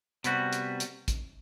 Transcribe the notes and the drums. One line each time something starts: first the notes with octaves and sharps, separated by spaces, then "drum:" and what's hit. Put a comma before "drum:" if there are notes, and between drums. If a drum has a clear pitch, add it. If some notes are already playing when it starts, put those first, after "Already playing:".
C3 G3 B3 F#4, drum: hi-hat
drum: hi-hat
drum: hi-hat
drum: kick, hi-hat